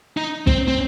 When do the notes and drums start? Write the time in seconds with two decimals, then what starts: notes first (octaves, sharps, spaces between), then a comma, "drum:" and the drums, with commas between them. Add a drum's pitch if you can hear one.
0.17 D#4
0.47 C4, drum: kick
0.68 C4